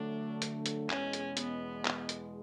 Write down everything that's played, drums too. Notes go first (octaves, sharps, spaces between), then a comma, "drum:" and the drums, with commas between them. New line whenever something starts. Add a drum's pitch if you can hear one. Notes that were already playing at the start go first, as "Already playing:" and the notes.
Already playing: D3 F#3 A3 D4
drum: hi-hat
drum: hi-hat
E2 B2 G#3 C#4, drum: clap
drum: hi-hat
B3, drum: hi-hat
drum: clap
drum: hi-hat